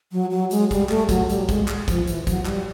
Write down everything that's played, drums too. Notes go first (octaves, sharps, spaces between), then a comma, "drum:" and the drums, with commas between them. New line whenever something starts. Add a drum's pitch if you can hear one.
F#3
F#3
G#3, drum: hi-hat
G3, drum: kick, hi-hat
A3, drum: clap
F#3, drum: kick, hi-hat
G3, drum: hi-hat
G#3, drum: kick, hi-hat
drum: clap
F3, drum: kick, hi-hat
E3, drum: hi-hat
F#3, drum: kick, hi-hat
G3, drum: clap